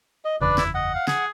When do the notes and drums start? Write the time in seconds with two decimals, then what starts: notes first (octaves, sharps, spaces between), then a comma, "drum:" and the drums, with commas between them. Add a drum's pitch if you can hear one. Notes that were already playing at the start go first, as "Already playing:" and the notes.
0.25 D#5
0.41 F#1 E2 C#3 D4 B4 D5
0.58 E4, drum: snare
0.75 D#5 F#5
0.95 F5
1.08 G#4, drum: snare